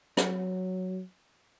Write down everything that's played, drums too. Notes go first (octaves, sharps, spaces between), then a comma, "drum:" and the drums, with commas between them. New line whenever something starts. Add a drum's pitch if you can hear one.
F#3, drum: rim click